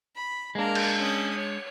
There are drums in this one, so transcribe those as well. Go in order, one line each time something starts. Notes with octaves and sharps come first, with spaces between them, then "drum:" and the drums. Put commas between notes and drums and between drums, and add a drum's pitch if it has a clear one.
B5
G#3 A#3 D4 A#4
drum: cymbal
C#4 D#6
C#5